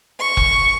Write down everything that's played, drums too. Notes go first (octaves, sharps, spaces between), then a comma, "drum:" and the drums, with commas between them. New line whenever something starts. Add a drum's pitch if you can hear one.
C#6
drum: kick F1